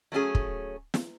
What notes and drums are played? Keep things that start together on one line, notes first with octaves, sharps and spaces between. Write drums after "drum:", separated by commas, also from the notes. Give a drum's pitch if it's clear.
F#3 A3 C#4 G#4
drum: kick
drum: snare